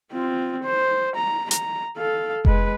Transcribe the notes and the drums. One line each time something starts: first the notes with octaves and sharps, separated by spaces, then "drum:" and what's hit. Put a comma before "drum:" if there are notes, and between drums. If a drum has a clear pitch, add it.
C4 F4
C5
A#5
A#5, drum: hi-hat
A4 F5
G#3 B4, drum: kick F1